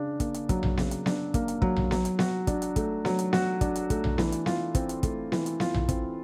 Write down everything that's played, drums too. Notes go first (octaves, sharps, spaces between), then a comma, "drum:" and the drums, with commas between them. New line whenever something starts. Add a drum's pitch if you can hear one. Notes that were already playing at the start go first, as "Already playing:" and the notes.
Already playing: C#3 D4
A#3, drum: kick, hi-hat
drum: hi-hat
F#3, drum: kick, hi-hat
drum: tom A#1
C#3, drum: snare B3
drum: hi-hat
D4, drum: snare B3
A#3, drum: kick, hi-hat
drum: hi-hat
F#3, drum: kick
drum: tom A#1
F#3, drum: snare B3
drum: hi-hat
F#4, drum: snare B3
D4, drum: kick, hi-hat
drum: hi-hat
A3, drum: kick, hi-hat
F#3, drum: snare B3
drum: hi-hat
F#4, drum: snare B3
D4, drum: kick, hi-hat
drum: hi-hat
A3, drum: kick, hi-hat
drum: tom A#1
E3, drum: snare B3
drum: hi-hat
F4, drum: snare B3
C4, drum: kick, hi-hat
drum: hi-hat
A3, drum: kick, hi-hat
E3, drum: snare B3
drum: hi-hat
F4, drum: snare B3
drum: tom A#1
C4, drum: kick, hi-hat